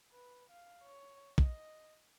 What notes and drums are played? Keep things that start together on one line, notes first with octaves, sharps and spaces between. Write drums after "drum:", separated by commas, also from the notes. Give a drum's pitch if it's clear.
B4
F5
C#5
D#5, drum: kick